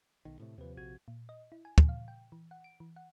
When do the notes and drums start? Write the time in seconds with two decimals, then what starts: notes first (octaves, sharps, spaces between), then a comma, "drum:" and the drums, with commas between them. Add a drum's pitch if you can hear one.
0.25 B1 D#3
0.39 A2 C3 A3
0.58 D#2 C3 F3 B4
0.77 A#1 F#4 G#6
1.08 A#2
1.29 D#5
1.52 E4
1.65 G#5
1.78 drum: kick
1.89 F5
2.08 G5
2.32 E3
2.51 F#5
2.64 D7
2.80 E3
2.96 F#5